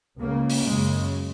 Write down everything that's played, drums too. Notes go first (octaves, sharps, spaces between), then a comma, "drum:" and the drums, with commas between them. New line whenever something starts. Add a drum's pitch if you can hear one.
C#2 C#3 A#3
drum: open hi-hat
F#2 C#3 G#3